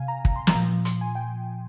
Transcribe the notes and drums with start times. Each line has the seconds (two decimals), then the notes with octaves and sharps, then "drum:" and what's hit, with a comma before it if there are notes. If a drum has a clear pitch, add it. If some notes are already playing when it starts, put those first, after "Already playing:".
Already playing: C3 F5 G#5
0.08 A#5
0.25 A#5, drum: kick
0.36 C6
0.47 A#5, drum: snare
0.55 A#2 F3
0.85 C6, drum: hi-hat
1.01 G#5
1.15 G5